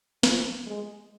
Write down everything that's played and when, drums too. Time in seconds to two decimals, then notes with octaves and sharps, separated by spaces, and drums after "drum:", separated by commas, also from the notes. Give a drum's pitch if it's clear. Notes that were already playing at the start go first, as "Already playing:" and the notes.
0.23 F3, drum: snare
0.66 G#3